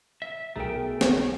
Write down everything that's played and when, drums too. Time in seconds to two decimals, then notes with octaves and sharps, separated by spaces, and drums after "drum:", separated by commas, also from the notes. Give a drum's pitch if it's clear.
0.22 E5
0.56 B1 A3 G#4 A#4 G5
1.01 drum: snare